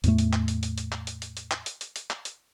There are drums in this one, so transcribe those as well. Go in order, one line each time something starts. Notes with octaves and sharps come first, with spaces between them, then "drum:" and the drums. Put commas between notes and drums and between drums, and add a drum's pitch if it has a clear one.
E2 A2 A3, drum: hi-hat
drum: hi-hat
drum: clap
drum: hi-hat
drum: hi-hat
drum: hi-hat
drum: clap
drum: hi-hat
drum: hi-hat
drum: hi-hat
drum: clap
drum: hi-hat
drum: hi-hat
drum: hi-hat
drum: clap
drum: hi-hat